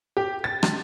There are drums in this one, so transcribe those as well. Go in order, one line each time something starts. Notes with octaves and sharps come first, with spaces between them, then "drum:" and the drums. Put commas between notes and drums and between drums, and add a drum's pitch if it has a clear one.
G4
A6
drum: rim click